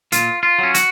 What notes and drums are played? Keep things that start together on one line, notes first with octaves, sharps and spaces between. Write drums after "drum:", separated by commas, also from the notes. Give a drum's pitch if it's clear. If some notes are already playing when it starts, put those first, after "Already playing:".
A#2 F4, drum: hi-hat
F4
F#3 C#4
F#4, drum: hi-hat